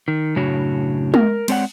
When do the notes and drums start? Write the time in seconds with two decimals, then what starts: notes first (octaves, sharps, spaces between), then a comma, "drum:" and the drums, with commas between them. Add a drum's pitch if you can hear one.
0.08 D#3
0.36 F#2 A2 C#3 D4 F#4 C#5
1.14 A#4, drum: tom G#3
1.48 G#3 C4 C#5 D5 F#5, drum: cymbal